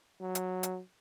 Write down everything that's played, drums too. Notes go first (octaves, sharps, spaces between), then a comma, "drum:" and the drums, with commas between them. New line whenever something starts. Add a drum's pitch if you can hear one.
F#3
drum: hi-hat
drum: hi-hat